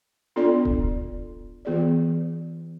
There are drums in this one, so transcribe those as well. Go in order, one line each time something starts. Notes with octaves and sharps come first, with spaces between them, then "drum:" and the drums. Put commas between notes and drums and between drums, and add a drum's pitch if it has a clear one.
B3 D4 F4 A4 D5
drum: kick D#1
E3 B3 F4 G#4 D5